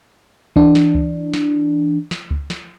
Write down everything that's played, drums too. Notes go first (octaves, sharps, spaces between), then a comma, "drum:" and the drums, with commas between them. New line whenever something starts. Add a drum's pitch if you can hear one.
E3 D4, drum: kick C#2
drum: snare
drum: kick C#2
drum: snare
drum: snare
drum: kick C#2
drum: snare